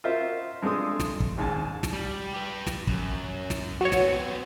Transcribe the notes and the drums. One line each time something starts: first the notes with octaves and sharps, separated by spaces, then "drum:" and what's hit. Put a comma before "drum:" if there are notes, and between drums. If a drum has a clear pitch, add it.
F4 F#4 A#4 C5 D#5 E5
G2 G#3 C4 D4 A4 D#6
drum: snare
drum: kick
G#1 D#2 G#2 G#5 A5
drum: snare
G3
G4 B4
drum: snare
F#2, drum: kick
drum: snare
B3 C4 F#4 C#5
drum: snare